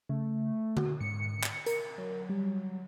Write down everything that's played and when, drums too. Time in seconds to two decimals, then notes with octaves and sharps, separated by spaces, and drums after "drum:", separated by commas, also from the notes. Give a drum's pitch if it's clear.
0.09 C#3 A3
0.77 F#4, drum: tom D3
1.00 G#2 C#7
1.43 drum: clap
1.66 A#4, drum: hi-hat
1.98 F#3
2.29 G3